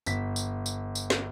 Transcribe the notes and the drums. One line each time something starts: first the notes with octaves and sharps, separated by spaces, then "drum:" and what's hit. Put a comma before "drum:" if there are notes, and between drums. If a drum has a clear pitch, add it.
G1 B6, drum: tambourine
drum: tambourine
drum: tambourine
drum: tambourine
drum: snare